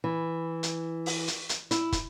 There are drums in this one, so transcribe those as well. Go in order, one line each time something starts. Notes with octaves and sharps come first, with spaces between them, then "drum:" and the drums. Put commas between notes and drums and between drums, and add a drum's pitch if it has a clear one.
E3
drum: hi-hat
drum: open hi-hat
drum: hi-hat
drum: hi-hat
E4, drum: hi-hat
drum: kick, hi-hat